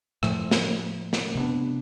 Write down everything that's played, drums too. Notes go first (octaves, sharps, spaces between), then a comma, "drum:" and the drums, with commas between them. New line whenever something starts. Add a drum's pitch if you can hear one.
A2 F3 A3, drum: rim click
drum: snare
drum: snare
C3 G3 B3 D4